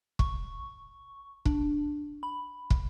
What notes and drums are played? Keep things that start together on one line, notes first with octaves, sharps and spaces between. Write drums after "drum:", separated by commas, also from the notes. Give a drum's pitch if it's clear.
C#6, drum: kick
D4, drum: kick
B5
drum: kick